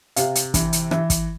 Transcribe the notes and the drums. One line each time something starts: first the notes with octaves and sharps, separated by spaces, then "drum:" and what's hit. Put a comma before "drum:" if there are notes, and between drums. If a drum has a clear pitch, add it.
C3 F5, drum: hi-hat
drum: hi-hat
E3, drum: kick, hi-hat
drum: hi-hat
E3 E5, drum: rim click
drum: kick, hi-hat